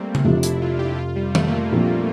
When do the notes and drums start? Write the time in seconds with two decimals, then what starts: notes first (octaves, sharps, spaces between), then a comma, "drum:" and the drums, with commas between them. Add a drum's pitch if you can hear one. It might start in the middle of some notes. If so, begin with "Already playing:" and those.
Already playing: G3 A3 A#3 C4
0.15 drum: tom C#3
0.24 F1 F2 C3 F3 D4
0.43 E4, drum: hi-hat
0.62 F4
0.79 G4
0.98 F4
1.16 G3
1.35 A3, drum: tom D#3
1.47 A#3
1.71 A#1 A#2 F3 C4